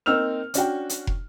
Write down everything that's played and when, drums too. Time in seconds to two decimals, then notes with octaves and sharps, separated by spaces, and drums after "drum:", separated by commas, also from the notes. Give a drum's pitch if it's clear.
0.06 A#3 C4 D#4 E6 F6 F7
0.54 C#4 D4 F#4 G5, drum: hi-hat
0.89 drum: hi-hat
1.07 drum: kick